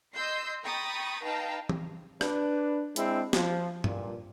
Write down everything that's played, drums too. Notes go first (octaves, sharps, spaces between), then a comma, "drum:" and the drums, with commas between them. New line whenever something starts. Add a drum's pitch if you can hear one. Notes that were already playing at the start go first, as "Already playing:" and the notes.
D#5 C6 E6 G6 C7
G5 A#5 B5 C#6 D#6 A6
D#4 B4 F5 G5 A5 A#5
drum: tom E3
D4 B4, drum: rim click
G#3 C4 D4 E4, drum: hi-hat
F3, drum: snare
G2 A#2, drum: tom G2